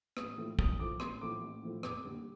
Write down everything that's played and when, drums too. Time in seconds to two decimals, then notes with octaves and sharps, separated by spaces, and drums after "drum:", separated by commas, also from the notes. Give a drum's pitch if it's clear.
0.17 A1 D#6, drum: rim click
0.37 A2 F3 A3
0.59 A1 D#6, drum: kick
0.79 A2 F3 A3 D6
1.00 A1 C6, drum: rim click
1.21 A2 F3 A3 D6
1.41 A1
1.63 A2 F3 A3
1.83 F1 D6, drum: rim click
2.04 D#2 D3 G3